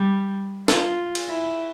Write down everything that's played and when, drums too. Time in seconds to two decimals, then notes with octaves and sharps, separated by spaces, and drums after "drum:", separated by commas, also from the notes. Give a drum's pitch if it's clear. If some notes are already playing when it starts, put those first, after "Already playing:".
Already playing: G3
0.68 F4, drum: snare
1.15 drum: cymbal
1.28 E4